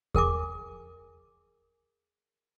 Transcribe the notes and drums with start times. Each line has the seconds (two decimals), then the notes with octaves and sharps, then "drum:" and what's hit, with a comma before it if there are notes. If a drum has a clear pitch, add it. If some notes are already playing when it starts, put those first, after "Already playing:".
0.15 G#4 A#4 G#5 D6, drum: kick E2